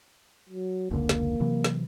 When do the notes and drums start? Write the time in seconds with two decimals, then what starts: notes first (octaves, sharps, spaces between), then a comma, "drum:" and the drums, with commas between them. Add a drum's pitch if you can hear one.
0.49 F#3
0.91 F1 C#2 D3 A#3
1.09 drum: snare
1.40 C3 E3 F#3
1.64 drum: snare